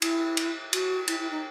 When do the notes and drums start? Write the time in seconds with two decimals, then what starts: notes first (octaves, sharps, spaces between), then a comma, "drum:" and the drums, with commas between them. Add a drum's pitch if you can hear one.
0.02 E4, drum: cymbal
0.37 drum: cymbal
0.73 F#4, drum: cymbal
1.08 E4, drum: cymbal
1.19 E4
1.31 D#4